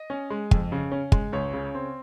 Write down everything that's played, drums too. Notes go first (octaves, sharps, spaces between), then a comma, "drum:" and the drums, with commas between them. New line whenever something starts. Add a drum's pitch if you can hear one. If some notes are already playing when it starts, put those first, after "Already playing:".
Already playing: D#5
C#4
G#3
F2, drum: kick
C#3
C#4
G#3, drum: kick
C#2 C#5
C#3
C4